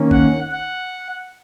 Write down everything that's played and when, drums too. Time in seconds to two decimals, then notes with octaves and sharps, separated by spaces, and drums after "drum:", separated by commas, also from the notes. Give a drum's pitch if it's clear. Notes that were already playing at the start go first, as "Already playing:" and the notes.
Already playing: D#3 A#3 C#4
0.11 F#5, drum: kick G#1
0.51 F#5